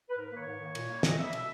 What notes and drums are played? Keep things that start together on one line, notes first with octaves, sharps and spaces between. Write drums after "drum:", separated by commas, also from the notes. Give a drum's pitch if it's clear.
B4
G#2 A#4
B4
D#3 A#3 C#5
G#2
D#3 A#3
A#2, drum: cymbal
G3 A#3
A#2 D#5, drum: snare
G3 A#3 E5
B2 E5, drum: cymbal